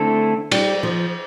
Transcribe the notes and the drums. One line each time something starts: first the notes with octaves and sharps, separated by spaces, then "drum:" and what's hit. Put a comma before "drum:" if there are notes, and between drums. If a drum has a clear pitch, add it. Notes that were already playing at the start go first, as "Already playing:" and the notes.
Already playing: D3 A3 C4 E4 A4
G3, drum: cymbal
F3